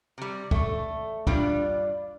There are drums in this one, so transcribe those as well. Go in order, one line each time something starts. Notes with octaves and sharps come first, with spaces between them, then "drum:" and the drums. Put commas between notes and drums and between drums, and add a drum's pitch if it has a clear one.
C3 G3
A3, drum: kick
G2 G3 D4 F4, drum: kick